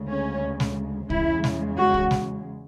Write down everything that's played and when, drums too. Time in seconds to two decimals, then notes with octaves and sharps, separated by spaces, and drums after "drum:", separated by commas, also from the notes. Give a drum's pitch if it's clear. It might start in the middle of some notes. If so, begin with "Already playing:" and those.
Already playing: D2 C#3 G#3
0.09 C#4
0.60 drum: snare
1.10 E2 C#3 G#3 E4, drum: kick
1.44 drum: snare
1.77 F#4
1.94 drum: kick
2.11 drum: snare